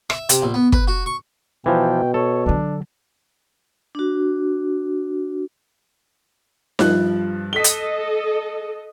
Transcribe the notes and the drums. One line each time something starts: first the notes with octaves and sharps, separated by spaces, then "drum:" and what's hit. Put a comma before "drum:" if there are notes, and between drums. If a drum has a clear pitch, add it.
E5, drum: rim click
C3, drum: hi-hat
A#1
B3
B4, drum: kick
F#4
C#6
B2 E3 F3 G5
A4 C#5
D3 F#3 D4
D4 F#4
G2 F3 F#6, drum: snare D#4
A4 D#5 B6 G7
drum: hi-hat